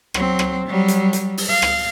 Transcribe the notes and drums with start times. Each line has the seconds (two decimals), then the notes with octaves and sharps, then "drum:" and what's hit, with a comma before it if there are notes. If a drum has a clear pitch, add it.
0.14 F#3 C4, drum: rim click
0.39 drum: rim click
0.68 F#3 G3
0.88 drum: hi-hat
1.13 drum: hi-hat
1.37 drum: open hi-hat
1.49 F5
1.62 drum: rim click